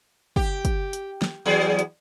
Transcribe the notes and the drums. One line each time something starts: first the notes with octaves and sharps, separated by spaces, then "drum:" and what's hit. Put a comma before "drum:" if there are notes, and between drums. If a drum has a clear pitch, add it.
G4, drum: kick
drum: kick, hi-hat
drum: hi-hat
drum: snare
E2 F#3 G#4
drum: hi-hat